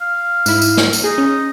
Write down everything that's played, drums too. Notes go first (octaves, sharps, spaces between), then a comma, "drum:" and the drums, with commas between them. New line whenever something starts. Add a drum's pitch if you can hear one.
F5
G#2 E4, drum: tambourine
drum: tambourine
drum: snare
drum: tambourine
D#4 G#4
C#4